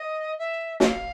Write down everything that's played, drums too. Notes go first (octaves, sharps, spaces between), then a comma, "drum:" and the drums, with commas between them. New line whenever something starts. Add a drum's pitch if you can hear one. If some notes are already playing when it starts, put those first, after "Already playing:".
Already playing: D#5
E5
F5, drum: snare